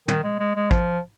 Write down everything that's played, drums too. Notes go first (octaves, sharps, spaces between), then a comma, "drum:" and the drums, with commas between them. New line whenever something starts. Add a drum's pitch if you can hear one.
D#3, drum: tom
G#3
G#3
G#3
F3, drum: kick